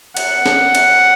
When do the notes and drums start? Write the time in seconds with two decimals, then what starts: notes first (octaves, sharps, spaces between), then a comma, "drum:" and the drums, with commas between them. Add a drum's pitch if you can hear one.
0.17 F#5, drum: cymbal
0.46 drum: snare
0.75 drum: cymbal